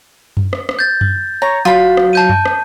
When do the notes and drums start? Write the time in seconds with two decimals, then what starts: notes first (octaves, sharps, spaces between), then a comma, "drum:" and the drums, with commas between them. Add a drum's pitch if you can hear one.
0.37 drum: tom F#2
0.53 drum: rim click
0.69 drum: rim click
0.79 G6 A6
1.01 drum: tom F#2
1.42 C#5 A#5
1.65 F#3 F4 B5
1.97 drum: rim click
2.13 A5 G6 D#7
2.29 drum: tom F#2
2.45 drum: rim click